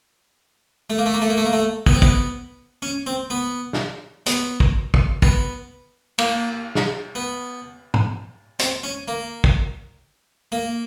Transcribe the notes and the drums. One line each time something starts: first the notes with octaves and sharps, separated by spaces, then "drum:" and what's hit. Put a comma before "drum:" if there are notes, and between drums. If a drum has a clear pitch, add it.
A3
A#3
A3
A#3
A3
A#3
A3
A#3
A3
B3, drum: kick
C4
B3, drum: kick
C#4
C4
B3
drum: snare
B3, drum: hi-hat
drum: kick
drum: kick
B3, drum: kick
A#3, drum: cymbal
drum: snare
B3
drum: tom
C4, drum: hi-hat
C#4
A#3
drum: kick
A#3